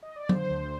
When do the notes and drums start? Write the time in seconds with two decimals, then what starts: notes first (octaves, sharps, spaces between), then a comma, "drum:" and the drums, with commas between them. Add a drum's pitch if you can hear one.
0.03 D#5
0.16 D5
0.29 D3 C5, drum: tom F#3
0.50 D2